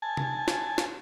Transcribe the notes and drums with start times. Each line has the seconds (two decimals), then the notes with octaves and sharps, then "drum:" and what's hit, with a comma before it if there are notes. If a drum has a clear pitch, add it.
0.02 G#5 A5
0.17 drum: tom C3
0.48 drum: snare
0.78 drum: snare